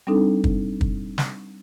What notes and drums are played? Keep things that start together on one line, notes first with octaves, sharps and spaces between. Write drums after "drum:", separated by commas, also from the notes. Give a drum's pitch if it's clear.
G3 C4 D4 D#4 A4
drum: kick
drum: kick
drum: snare